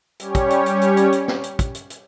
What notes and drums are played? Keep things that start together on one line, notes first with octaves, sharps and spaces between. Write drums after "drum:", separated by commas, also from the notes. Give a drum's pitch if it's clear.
G3 C#4 G4 C#5, drum: hi-hat
drum: kick, hi-hat
drum: hi-hat
drum: hi-hat
drum: hi-hat
drum: hi-hat
drum: hi-hat
drum: snare
drum: hi-hat
drum: kick, hi-hat
drum: hi-hat
drum: hi-hat